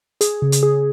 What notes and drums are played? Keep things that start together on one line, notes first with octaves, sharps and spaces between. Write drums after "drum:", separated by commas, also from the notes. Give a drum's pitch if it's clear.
G#4, drum: hi-hat
C#3
drum: hi-hat
G#4